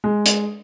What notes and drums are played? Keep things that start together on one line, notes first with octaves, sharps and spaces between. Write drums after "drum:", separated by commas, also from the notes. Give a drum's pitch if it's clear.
G#3
drum: hi-hat